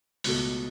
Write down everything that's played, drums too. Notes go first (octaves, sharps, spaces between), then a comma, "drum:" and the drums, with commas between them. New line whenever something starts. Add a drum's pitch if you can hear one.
C#2 B2 A3, drum: open hi-hat